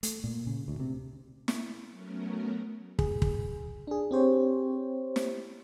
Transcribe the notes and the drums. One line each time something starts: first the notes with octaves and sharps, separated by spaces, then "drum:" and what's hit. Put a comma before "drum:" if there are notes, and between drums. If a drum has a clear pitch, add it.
A3, drum: hi-hat
A#2
C#3
D2
C3
drum: snare
F#3 A3 B3 C#4 A#4
G#4, drum: kick
drum: kick
D4 G#4
C4 G4 C5 C#5
drum: snare